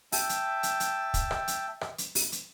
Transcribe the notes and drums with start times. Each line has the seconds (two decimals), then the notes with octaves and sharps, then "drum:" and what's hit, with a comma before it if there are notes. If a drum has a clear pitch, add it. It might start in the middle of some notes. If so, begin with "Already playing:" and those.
0.12 E5 G5 A5, drum: open hi-hat
0.29 drum: hi-hat
0.63 drum: hi-hat
0.80 drum: hi-hat
1.14 drum: kick, hi-hat
1.31 drum: rim click
1.48 drum: hi-hat
1.81 drum: rim click
1.98 drum: hi-hat
2.15 drum: open hi-hat
2.32 drum: hi-hat